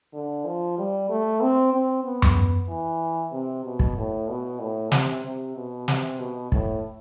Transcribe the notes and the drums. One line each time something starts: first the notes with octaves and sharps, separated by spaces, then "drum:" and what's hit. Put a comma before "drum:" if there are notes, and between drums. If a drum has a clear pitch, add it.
D3
F3
G3
A3
C4
C4
B3
drum: tom F#2
E3
C3
B2
drum: kick
A2
B2
A2
C3, drum: snare
C3
B2
C3, drum: snare
B2
A2, drum: kick